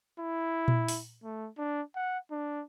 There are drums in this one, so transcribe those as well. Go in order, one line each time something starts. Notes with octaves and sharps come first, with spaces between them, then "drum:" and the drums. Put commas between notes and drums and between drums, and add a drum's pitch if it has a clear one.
E4
drum: tom A#2
drum: open hi-hat
A3
D4
F#5
D4